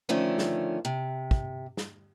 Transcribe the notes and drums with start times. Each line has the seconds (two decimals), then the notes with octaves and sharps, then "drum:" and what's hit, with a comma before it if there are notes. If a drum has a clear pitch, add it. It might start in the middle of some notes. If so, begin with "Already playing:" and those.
0.09 D3 D#3 F3 A3 C#4
0.38 drum: snare
0.85 C3
1.31 drum: kick
1.77 drum: snare